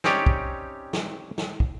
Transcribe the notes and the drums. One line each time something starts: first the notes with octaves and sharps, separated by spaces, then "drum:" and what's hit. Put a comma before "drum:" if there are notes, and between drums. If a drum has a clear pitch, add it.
C4 C#4 D#4 G4 C#5 D5, drum: snare
drum: kick
drum: snare
drum: snare
drum: kick